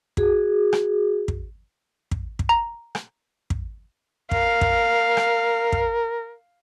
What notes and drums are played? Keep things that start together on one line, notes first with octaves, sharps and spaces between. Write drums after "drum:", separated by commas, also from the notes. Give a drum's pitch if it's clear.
F#4 G#4, drum: kick
drum: rim click
drum: kick
drum: kick
drum: kick
A#5
drum: rim click
drum: kick
A#4 F5, drum: kick
drum: kick
drum: rim click
drum: kick